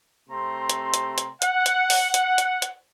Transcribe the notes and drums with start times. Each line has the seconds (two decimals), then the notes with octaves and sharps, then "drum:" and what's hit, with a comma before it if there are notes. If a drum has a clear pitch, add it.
0.30 C3 A3 C4 A#5 C6
0.70 drum: hi-hat
0.94 drum: hi-hat
1.18 drum: hi-hat
1.42 F#5, drum: hi-hat
1.66 drum: hi-hat
1.90 drum: open hi-hat
2.14 drum: hi-hat
2.38 drum: hi-hat
2.62 drum: hi-hat